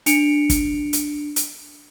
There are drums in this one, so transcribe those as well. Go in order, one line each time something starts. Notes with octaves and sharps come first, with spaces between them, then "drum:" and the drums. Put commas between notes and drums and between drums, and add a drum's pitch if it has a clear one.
D4 C#7 D7 F7, drum: hi-hat
drum: kick, hi-hat
drum: hi-hat
drum: hi-hat